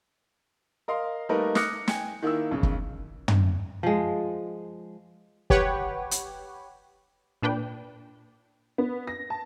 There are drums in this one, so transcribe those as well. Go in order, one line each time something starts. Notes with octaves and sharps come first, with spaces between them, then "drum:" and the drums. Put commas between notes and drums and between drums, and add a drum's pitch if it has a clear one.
A#4 D#5 F5 C6
G3 A3 A#3 D#4 A#4 B4
D6 D#6 F6 F#6 A#6 C#7, drum: snare
G5 G#5 C#7, drum: snare
D#3 A#3 E4 E6
B1 C#3
drum: kick
drum: tom
F3 G#3
G4 B4 C#5 F#5, drum: kick
drum: hi-hat
A#2 D4 B4 G5
B3
A#6
A5